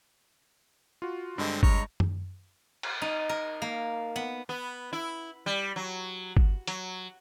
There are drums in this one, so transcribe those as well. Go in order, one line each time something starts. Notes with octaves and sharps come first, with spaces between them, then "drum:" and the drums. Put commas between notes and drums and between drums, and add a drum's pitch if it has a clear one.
F4 F#4
G2 D3 G#3 C4 D#5
C#5 A#5, drum: kick G1
drum: tom F#2
drum: cymbal
D#4
A#4
A#3
B3
B3
E4
G3
F#3
drum: kick G1
F#3, drum: hi-hat